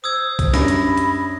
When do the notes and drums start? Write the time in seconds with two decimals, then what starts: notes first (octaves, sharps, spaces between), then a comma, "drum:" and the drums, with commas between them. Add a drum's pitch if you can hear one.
0.04 C5 D#6 E6 G#6
0.39 drum: kick, hi-hat
0.54 F#2 G3 D4 B5 A#6, drum: snare
0.68 drum: hi-hat
0.97 drum: hi-hat